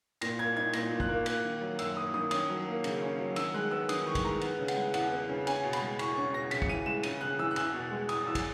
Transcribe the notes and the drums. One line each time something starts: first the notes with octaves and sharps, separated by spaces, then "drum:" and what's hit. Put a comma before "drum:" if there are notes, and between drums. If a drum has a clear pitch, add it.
A#2 A#6, drum: cymbal
A#3 G#6
D#4 G#6
A#2 A#6, drum: cymbal
A#2
F#6, drum: kick
A#3
A#3 F#6, drum: cymbal
D#3
F#3
F#2 E6, drum: cymbal
A#3 D#6
D#3 D#6
C#4 D#6, drum: cymbal
F#3
A#3
C#3, drum: cymbal
C#4
F#3
D#3 E6, drum: cymbal
G#3 F#6
B3 E6
D#3 D#6, drum: cymbal
D#3 C#6
drum: kick, cymbal
G#3 A#5
B3, drum: cymbal
C#3
F#5, drum: cymbal
G#3
E2 F#5, drum: cymbal
B3
C#3
C#4 G#5, drum: cymbal
B2
B5, drum: cymbal
G#3
E2 C#6, drum: cymbal
C#4 C#6
B2 A#6
C#3 B6, drum: cymbal
C#7, drum: kick
E3 D#7
G#3 E7
C#3 D#7, drum: cymbal
C#3 F#6
E3 E6
F#6
E2 E6, drum: cymbal
B2
G#3
E2 D#6, drum: cymbal
E2 E6
drum: kick, cymbal